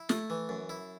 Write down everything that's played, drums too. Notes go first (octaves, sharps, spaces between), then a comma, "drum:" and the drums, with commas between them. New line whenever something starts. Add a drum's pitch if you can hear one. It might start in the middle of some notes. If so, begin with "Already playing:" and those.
Already playing: E4
A3, drum: snare
E3
F#2
E4